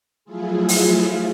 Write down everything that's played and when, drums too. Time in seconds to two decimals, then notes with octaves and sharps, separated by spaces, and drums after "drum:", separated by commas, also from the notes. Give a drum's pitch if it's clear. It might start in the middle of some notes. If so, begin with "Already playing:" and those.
0.25 F3 F#3 A3 E4 F4 G#4
0.69 drum: open hi-hat